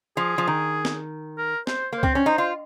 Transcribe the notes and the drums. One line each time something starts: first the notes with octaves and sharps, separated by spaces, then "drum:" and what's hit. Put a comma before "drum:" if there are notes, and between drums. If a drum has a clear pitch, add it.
F3 G#4
F3
D#3
drum: snare
A#4
C5, drum: snare
A#3
C5
C4, drum: kick C#2
C#4
D#4 C5
F4